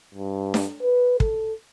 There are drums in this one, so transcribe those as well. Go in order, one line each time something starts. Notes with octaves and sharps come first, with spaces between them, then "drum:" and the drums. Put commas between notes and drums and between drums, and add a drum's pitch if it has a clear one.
G2
drum: snare D4
B4
A4, drum: kick